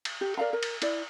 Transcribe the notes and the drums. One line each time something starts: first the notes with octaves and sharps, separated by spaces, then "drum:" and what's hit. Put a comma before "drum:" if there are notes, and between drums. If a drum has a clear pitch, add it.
drum: cymbal
G4
A#4 D5 F5 A#5
A#4
drum: cymbal
E4 D5, drum: cymbal